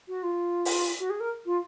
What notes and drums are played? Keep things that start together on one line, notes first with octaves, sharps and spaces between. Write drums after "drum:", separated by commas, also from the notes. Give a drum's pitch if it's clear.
F#4
F4
drum: open hi-hat
F#4
G#4
A#4
F4